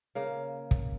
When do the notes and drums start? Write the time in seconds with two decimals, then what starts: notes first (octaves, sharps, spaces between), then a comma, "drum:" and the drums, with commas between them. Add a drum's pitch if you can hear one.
0.15 C#3 A#3
0.71 drum: kick